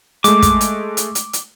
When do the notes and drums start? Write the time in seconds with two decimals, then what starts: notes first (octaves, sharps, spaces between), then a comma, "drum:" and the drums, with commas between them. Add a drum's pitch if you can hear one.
0.24 G#3 A3 D6, drum: hi-hat
0.42 drum: kick, hi-hat
0.61 drum: hi-hat
0.97 drum: hi-hat
1.15 drum: hi-hat
1.33 drum: hi-hat